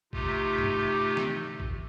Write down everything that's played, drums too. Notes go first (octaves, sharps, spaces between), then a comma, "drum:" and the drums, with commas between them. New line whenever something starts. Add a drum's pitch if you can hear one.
C3 A3 D#4 F4 G4, drum: kick A1
drum: tom G2
drum: snare
drum: kick A1